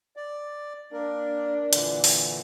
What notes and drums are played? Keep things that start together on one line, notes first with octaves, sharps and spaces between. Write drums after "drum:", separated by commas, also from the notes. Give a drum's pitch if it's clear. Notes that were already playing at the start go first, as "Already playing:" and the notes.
D5
A#3 D4 A#4
A#2 D3 E3, drum: hi-hat
drum: open hi-hat